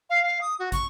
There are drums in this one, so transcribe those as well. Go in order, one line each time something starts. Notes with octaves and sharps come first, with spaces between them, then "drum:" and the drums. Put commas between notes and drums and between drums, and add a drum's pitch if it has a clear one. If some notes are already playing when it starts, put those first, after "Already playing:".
F5
F5
D#6
F#4
C#6, drum: kick, hi-hat